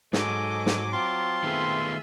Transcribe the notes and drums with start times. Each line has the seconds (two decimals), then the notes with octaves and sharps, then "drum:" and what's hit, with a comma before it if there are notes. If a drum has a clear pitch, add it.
0.13 G#2 F#3 A4 D#5 G#5 D6, drum: snare
0.66 drum: snare
0.92 C4 F4 A5 C6
1.44 D#3 A3 B3 G#4 E5